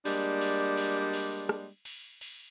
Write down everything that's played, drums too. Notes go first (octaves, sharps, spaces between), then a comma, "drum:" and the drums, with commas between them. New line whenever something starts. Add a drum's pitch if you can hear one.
G3 G#3 A#3 D4, drum: cymbal
drum: cymbal
drum: cymbal
drum: cymbal
drum: rim click
drum: cymbal
drum: cymbal